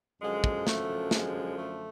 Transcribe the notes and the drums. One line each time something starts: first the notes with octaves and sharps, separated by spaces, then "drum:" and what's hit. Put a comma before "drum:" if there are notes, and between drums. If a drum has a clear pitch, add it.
F#2 D3 F3 G#3
drum: kick
A3, drum: snare
G#3, drum: snare
A3